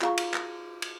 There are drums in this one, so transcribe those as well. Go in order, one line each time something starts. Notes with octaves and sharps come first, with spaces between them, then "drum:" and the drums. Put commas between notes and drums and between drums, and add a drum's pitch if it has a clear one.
F4 G#4 F5 A#5 C#6, drum: clap
drum: cymbal
drum: clap
drum: cymbal